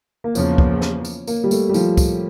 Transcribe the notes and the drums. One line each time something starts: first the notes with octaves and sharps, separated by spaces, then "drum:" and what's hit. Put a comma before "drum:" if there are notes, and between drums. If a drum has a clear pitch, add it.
A#3
E2 C#3 F3 A#3 C#4, drum: tambourine
drum: kick
drum: snare
drum: tambourine
A#3, drum: tambourine
G3
A3, drum: tambourine
G3
F3, drum: tambourine
drum: kick, tambourine